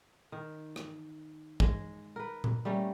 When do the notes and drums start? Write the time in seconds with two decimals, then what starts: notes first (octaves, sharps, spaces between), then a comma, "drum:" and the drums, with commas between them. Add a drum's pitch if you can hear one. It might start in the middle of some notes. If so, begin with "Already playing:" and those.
0.32 D#3
0.76 drum: rim click
1.60 G#3, drum: kick
2.16 A#4 B4
2.44 drum: tom A#2
2.65 G3 A3 A#3 C#4